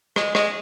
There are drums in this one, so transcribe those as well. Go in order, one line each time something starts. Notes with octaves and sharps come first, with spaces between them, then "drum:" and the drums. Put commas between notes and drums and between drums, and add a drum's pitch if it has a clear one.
G#3, drum: rim click
G#3, drum: rim click